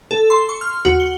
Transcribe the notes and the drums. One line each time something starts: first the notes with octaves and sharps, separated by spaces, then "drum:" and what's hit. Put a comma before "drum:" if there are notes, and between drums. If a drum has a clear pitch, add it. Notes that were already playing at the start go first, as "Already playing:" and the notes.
A4
C6
C#6
F6
F#4, drum: tom D#2
G7